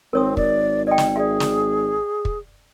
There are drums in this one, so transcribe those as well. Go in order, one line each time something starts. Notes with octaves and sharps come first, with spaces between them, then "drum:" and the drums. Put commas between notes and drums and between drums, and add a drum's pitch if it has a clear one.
G#1 C4 A#4 C#5 D#6
D5, drum: kick
D5 D#5 G5
drum: snare
G#4 D5 E5
drum: snare
drum: kick